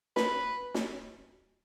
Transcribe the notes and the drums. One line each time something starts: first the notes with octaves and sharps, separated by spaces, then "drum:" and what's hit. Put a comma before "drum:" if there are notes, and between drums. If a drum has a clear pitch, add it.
B4, drum: snare
drum: snare